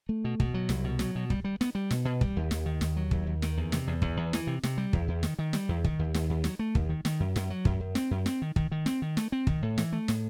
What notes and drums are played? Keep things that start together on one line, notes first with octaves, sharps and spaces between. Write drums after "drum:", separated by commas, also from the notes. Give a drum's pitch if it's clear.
A3
B2
B2, drum: kick
F#3
C2, drum: snare
B2
F#3, drum: snare
B2
G3, drum: kick
G3
B3, drum: snare
G3
B2, drum: snare
B2
G3, drum: kick
D#2
D#2, drum: snare
D#3
D#2, drum: snare
F#3
D#2, drum: kick
D#2
D#3, drum: snare
E2
C3, drum: snare
E2
E2, drum: kick
E2
E3, drum: snare
C3
C3, drum: snare
G3
E2, drum: kick
E2
D#3, drum: snare
D#3
G3, drum: snare
E2
D#3, drum: kick
D#2
D#2, drum: snare
D#2
F#3, drum: snare
A3
D#2, drum: kick
D#3
D#3, drum: snare
F#2
F#2, drum: snare
F#3
F#2, drum: kick
F#2
C4, drum: snare
F#2
C4, drum: snare
D#3
D#3, drum: kick
D#3
C4, drum: snare
D#3
A3, drum: snare
C4
D#3, drum: kick
A2
E3, drum: snare
A3
A2, drum: snare